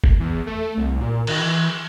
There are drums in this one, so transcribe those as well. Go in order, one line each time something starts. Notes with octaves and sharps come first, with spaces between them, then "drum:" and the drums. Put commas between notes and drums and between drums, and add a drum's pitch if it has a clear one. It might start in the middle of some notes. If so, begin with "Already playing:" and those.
drum: kick F#1
E2
A3
C2
A#2
D#3, drum: cymbal
E3